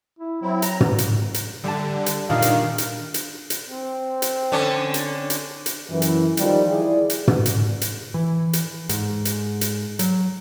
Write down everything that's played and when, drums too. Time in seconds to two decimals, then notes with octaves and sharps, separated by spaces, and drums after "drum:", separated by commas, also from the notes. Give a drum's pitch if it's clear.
0.19 E4
0.42 F#3 C4 E4
0.62 A#5, drum: hi-hat
0.80 drum: tom
0.98 drum: hi-hat
1.34 drum: hi-hat
1.64 D3 G3 A5
2.06 drum: hi-hat
2.30 A#2 D#3 D4 D#4 F5
2.42 drum: hi-hat
2.78 drum: hi-hat
3.14 drum: hi-hat
3.50 drum: hi-hat
3.69 C4
4.22 drum: hi-hat
4.52 D3 C#4
4.94 drum: hi-hat
5.30 drum: hi-hat
5.66 drum: hi-hat
5.90 F#2 E3
6.02 drum: hi-hat
6.37 D#3 F3 G3, drum: hi-hat
6.68 E4 G#4 D5
7.10 drum: hi-hat
7.28 drum: tom
7.46 drum: hi-hat
7.81 drum: hi-hat
8.14 E3
8.53 drum: hi-hat
8.89 G#2, drum: hi-hat
9.25 drum: hi-hat
9.61 drum: hi-hat
9.99 F#3, drum: hi-hat